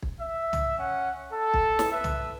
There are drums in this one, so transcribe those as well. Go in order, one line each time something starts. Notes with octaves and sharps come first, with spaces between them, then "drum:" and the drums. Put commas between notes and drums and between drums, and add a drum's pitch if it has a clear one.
drum: kick
E5
drum: tom
C#4 F#5
A4
drum: kick
drum: snare
B4 E5
drum: tom